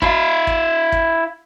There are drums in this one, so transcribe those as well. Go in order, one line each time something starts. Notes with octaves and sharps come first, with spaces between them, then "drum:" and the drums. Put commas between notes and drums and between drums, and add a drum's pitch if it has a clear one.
E4 F5, drum: kick
drum: kick
drum: kick